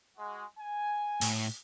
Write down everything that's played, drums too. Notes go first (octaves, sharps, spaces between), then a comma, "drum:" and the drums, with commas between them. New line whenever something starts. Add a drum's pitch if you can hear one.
G#3 F#4
G#5
A2, drum: open hi-hat